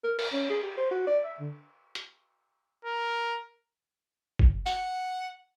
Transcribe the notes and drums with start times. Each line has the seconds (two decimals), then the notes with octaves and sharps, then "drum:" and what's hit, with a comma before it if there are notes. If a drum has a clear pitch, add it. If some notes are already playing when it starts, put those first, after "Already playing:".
0.04 A#4
0.19 A#4, drum: cymbal
0.33 C#4
0.50 G#4
0.63 G4
0.77 C5
0.91 F#4
1.07 D5
1.24 E5
1.39 D3
1.95 drum: hi-hat
2.85 A#4
4.39 drum: kick
4.66 F#5, drum: tambourine